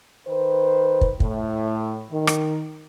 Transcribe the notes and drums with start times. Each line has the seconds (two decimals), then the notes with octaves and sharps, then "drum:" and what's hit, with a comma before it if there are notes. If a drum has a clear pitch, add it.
0.27 D#3 B4 C5
1.01 drum: kick
1.20 A2, drum: kick
2.11 D#3
2.27 drum: rim click